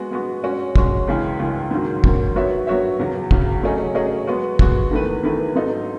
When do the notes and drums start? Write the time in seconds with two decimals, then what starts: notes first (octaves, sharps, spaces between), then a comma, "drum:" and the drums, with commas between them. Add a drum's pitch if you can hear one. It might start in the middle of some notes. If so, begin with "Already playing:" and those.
Already playing: G#3 B3 F#4
0.11 G#3 B3 F#4
0.43 G#3 C#4 F#4
0.75 G#3 C#4 F#4, drum: kick
1.07 C#2 C#3 E3 G#3
1.39 C#2 C#3 E3 G#3
1.71 G#2 D#3 F#3
2.04 G#2 D#3 F#3, drum: kick
2.35 F#3 B3 F#4 C#5 E5
2.67 F#3 B3 F#4 C#5 E5
2.99 E2 C#3 F#3
3.31 E2 C#3 F#3, drum: kick
3.63 F#3 A3 C#4 G#4 D#5
3.95 F#3 A3 C#4 G#4 D#5
4.27 G#3 B3 F#4
4.59 G#3 B3 F#4, drum: kick
4.91 E2 D#3 A3 E4 B4
5.23 E2 D#3 A3 E4 B4
5.55 G#2 F#3 B3 D#4 A4